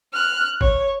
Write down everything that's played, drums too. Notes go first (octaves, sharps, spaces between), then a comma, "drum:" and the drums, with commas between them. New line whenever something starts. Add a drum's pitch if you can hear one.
F6 F#6
C#5, drum: kick G#1